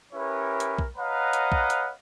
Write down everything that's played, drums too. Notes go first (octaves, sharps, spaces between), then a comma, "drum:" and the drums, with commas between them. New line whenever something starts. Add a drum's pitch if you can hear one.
C#4 E4 G4 A#4 B4 C#5
drum: hi-hat
drum: kick B1
B4 C#5 D#5 F5 F#5 A#5
drum: hi-hat
drum: kick B1
drum: hi-hat